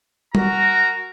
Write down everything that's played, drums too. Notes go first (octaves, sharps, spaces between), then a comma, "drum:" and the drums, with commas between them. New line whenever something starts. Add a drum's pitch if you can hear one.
F#4 A#4 A#5, drum: tom G3